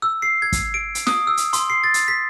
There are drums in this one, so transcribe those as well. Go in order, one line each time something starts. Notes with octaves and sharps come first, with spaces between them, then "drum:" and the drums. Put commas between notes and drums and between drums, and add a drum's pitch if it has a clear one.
E6
C7
G#6
drum: kick, hi-hat
D7
drum: hi-hat
D#6, drum: snare
E6
drum: hi-hat
C6, drum: hi-hat
C7
A6
drum: hi-hat
B6